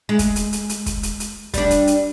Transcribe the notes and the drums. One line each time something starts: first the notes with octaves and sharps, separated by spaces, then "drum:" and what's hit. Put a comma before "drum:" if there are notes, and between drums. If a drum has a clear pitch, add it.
G#3
drum: kick, hi-hat
drum: hi-hat
drum: hi-hat
drum: hi-hat
drum: kick, hi-hat
drum: hi-hat
drum: hi-hat
G3 D4, drum: kick, hi-hat
drum: hi-hat
drum: hi-hat